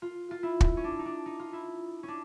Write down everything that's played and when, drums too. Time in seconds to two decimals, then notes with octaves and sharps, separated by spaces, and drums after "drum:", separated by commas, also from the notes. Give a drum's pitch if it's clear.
0.02 F4
0.31 F4
0.43 E4
0.61 drum: kick
0.77 C#4
0.84 D4
0.99 D#4
1.05 D4
1.26 D#4
1.40 F4
1.53 E4
2.03 C#4
2.08 D4